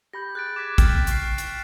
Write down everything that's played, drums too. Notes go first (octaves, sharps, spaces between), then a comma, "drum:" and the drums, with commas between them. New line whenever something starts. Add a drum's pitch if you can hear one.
G4 B5 G6 A#6
G#4 F#6 A6 D7
D6 F#6 G#6 A6 B6 E7
G5 F6 A6 B6, drum: kick, hi-hat
C#6 F6 C7, drum: hi-hat
A6, drum: hi-hat